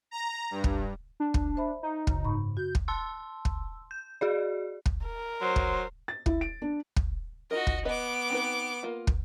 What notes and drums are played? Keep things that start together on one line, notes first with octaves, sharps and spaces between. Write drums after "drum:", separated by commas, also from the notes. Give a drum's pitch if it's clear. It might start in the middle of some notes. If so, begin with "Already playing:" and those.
A#5
G2
drum: kick
D4
drum: kick
C5 E5 B5
D#4
F#2 C#3, drum: kick
G#2 B5 C#6
F#4 G6
drum: kick
A5 C6 E6
drum: kick
G6
F#4 G#4 D5
drum: kick
A#4
F#3 C5
drum: kick
A6
E4, drum: kick
D7
D4
drum: kick
D#4 F4 F#4 A#4 D#5
drum: kick
B3 B4 D#5 D6
C4 D#4 B4
A#3 F4
drum: kick